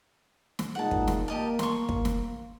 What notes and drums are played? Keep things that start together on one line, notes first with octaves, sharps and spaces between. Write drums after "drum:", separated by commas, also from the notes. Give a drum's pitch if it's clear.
drum: snare
A#2 G#3 D#4 F#5 A5
drum: kick
drum: snare
A#3 G4 D#5 A5
C6 C#6, drum: snare
drum: kick
drum: snare